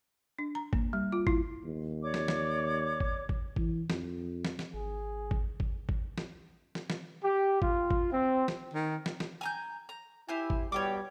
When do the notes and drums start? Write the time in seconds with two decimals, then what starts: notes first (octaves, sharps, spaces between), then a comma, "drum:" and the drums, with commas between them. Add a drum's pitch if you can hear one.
0.39 D4
0.55 A#5
0.73 A#3, drum: kick G#1
0.93 G3
1.12 F4
1.27 E4, drum: kick G#1
1.65 D#2
2.02 C#5 D5 D6
2.14 drum: snare
2.28 drum: snare
3.00 drum: kick G#1
3.29 drum: kick G#1
3.56 E3, drum: kick G#1
3.90 F2, drum: snare
4.45 drum: snare
4.59 drum: snare
4.74 G#1 G#4
5.31 drum: kick G#1
5.60 drum: kick G#1
5.89 drum: kick G#1
6.18 drum: snare
6.75 drum: snare
6.90 drum: snare
7.24 G4
7.62 F4, drum: kick G#1
7.91 drum: kick G#1
8.12 C4
8.48 drum: snare
8.73 D#3
9.06 drum: snare
9.20 drum: snare
9.41 G#5 A#5 G6
9.89 A#5
10.28 E4 G4 C5 G#5
10.50 drum: kick G#1
10.72 B2 G3 C#5 G5 D6